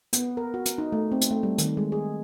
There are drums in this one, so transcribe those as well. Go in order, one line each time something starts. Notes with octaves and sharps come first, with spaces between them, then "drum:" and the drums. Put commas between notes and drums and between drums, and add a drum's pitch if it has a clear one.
B3, drum: hi-hat
A#4
F#4
drum: hi-hat
D#4
A3
C4
drum: hi-hat
A3
G3
D#3, drum: hi-hat
G#3
G#4